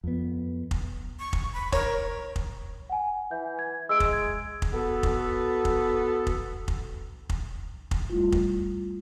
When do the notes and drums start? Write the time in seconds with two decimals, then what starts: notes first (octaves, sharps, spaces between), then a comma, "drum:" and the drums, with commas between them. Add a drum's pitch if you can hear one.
0.04 F2 B3
0.71 drum: kick F1
1.19 C#6
1.33 drum: kick F1
1.53 B5
1.72 A#4 C#5, drum: kick F1
2.36 drum: kick F1
2.90 F#5 G#5
3.31 E3 G6
3.59 G#6
3.89 G#3 E6 D7
4.00 drum: kick F1
4.13 G#6
4.62 drum: kick F1
4.73 B3 F#4 A4
5.03 drum: kick F1
5.65 drum: kick F1
6.27 drum: kick F1
6.68 drum: kick F1
7.29 drum: kick F1
7.91 drum: kick F1
8.10 G3 A3 E4 F4
8.32 drum: kick F1